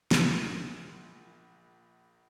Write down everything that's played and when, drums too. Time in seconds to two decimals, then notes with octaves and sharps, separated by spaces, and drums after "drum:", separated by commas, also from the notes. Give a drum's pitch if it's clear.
0.11 A#1 G#5 C6 F6, drum: snare